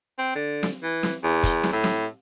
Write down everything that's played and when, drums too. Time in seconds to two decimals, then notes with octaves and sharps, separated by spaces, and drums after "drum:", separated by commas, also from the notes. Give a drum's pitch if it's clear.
0.18 C4
0.35 D3
0.63 drum: snare
0.83 E3
1.03 drum: snare
1.24 E2
1.43 drum: kick, hi-hat
1.64 drum: snare
1.73 A2
1.84 drum: snare